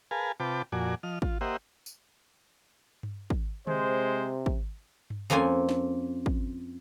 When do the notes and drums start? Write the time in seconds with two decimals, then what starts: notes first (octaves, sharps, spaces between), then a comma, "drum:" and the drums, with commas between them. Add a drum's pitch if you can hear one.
0.11 G#4 A#4 B4 F5 G#5 A5
0.40 C3 F4 B4 G5 A5 D6
0.72 F2 A#2 F#4 D5 G#5
1.03 F3 D#5 F6
1.22 F4, drum: kick
1.41 A#3 G4 C5 D#5 E5 F#5
1.86 drum: tambourine
3.03 drum: tom G2
3.30 drum: kick
3.67 C3 G#3 C5, drum: tom D3
4.46 drum: kick
5.10 drum: tom G2
5.30 F2 F3 A#3 C#4 G#5
5.69 drum: snare
6.26 drum: kick